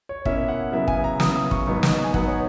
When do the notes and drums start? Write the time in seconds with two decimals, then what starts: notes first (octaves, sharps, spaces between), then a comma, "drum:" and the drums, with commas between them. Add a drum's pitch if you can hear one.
0.09 C#5
0.25 B2 A#3 C#4 E4 E5, drum: kick
0.48 F#5
0.72 C#3 F#3 B3 E4 E5
0.88 G#5, drum: kick
1.04 A#5
1.20 C#3 F#3 B3 E4 D#6, drum: snare
1.36 D#6
1.51 C#6, drum: kick
1.67 G#2 F#3 B3 D#4 C#6
1.83 drum: snare
2.04 G#5
2.14 G#2 F#3 B3 D#4 F#5, drum: kick
2.27 C#5